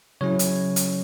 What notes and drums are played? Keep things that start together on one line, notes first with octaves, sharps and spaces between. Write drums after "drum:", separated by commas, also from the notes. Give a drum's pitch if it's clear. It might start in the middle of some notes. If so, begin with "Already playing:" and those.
C#3 F#3 C#4 E4 C#5
drum: hi-hat
drum: hi-hat